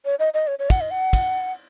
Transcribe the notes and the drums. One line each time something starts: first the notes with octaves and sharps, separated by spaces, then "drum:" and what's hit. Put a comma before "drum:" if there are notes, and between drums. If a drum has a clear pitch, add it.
C#5
D#5
D#5
C#5
C#5
F#5, drum: kick, cymbal
D#5
F#5
drum: kick, cymbal